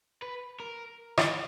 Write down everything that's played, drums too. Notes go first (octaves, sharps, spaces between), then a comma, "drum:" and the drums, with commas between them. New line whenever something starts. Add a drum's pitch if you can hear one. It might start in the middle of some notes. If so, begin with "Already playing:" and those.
B4
A#4
drum: rim click